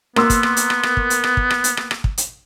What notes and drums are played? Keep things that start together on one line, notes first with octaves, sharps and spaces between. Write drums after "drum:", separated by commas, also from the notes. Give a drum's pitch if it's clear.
A#3 B3 C6 E6, drum: rim click
drum: kick, hi-hat
drum: rim click
drum: hi-hat
drum: rim click
drum: rim click
drum: kick
drum: hi-hat
drum: rim click
drum: kick
drum: rim click
drum: hi-hat
drum: rim click
drum: rim click
drum: kick
drum: hi-hat